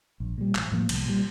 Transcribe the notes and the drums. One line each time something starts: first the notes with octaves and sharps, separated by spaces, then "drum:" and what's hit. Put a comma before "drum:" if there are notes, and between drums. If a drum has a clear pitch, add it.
A#1
A#2 G3
A1, drum: clap
A2 F3 A#3
C2, drum: cymbal
A#2 G3